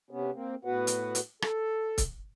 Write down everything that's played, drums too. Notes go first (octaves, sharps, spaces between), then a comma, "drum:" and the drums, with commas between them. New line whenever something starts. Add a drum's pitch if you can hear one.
C3 B3 C#4
A#3 C4
A2 B3 F#4 B4 F#5
drum: hi-hat
drum: hi-hat
A4, drum: rim click
drum: kick C#1, hi-hat